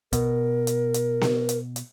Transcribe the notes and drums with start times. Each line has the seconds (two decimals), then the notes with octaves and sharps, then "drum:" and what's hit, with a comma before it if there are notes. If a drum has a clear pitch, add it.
0.13 B2 A#4, drum: kick, hi-hat
0.67 drum: hi-hat
0.94 drum: hi-hat
1.21 drum: snare B3
1.49 drum: hi-hat
1.76 drum: hi-hat